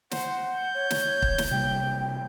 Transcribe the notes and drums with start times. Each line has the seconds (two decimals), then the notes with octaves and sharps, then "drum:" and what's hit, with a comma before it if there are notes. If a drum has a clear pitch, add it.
0.11 C5 F#5, drum: snare
0.44 G6
0.75 C#5
0.90 drum: snare
1.22 drum: kick
1.38 drum: snare
1.51 C3 G3 A#3 G5